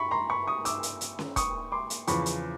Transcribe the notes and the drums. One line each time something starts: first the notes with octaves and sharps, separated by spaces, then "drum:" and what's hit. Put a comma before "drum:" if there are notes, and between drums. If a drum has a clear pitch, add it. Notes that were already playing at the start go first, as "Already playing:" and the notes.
Already playing: B5 C#6
A#5 C6
B5 C#6
C#6 D#6
D6 E6, drum: hi-hat
drum: hi-hat
drum: hi-hat
drum: snare C#4
C#6 D#6, drum: kick E1, hi-hat
C6 D6
drum: hi-hat
E2 C#3 F3 B5 C#6, drum: hi-hat
drum: hi-hat